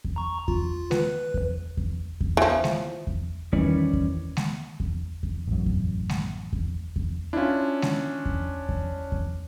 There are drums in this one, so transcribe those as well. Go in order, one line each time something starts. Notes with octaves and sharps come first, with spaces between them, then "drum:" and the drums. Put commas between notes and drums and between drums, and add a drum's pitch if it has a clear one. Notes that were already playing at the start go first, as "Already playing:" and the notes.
drum: kick E2
A#5 C#6
F4, drum: kick E2
B4, drum: snare G#3
drum: kick E2
drum: kick E2
drum: kick E2
E3 F3
drum: snare G#3
drum: kick E2
D#3 E3 G3 C#4 D5, drum: kick E2
drum: kick E2
drum: snare G#3
drum: kick E2
drum: kick E2
A1 F#2
drum: kick E2
drum: snare G#3
drum: kick E2
drum: kick E2
C#4 D4 E4 F4
drum: snare G#3
drum: kick E2
drum: kick E2
drum: kick E2